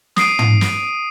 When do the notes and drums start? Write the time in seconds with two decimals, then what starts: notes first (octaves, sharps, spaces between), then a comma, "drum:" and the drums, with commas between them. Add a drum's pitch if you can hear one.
0.16 D#6 C7 D7 D#7, drum: snare
0.39 drum: tom
0.61 drum: snare